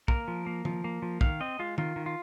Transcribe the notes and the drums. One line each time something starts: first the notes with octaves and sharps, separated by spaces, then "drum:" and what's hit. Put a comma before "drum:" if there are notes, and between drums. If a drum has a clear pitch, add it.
A#3 A#4, drum: kick
F3
A#3
F3, drum: tom
A#3
F3
D#3 F5, drum: kick
C4 D#5
G#3 F4
D#3 F4, drum: tom
D#3
F4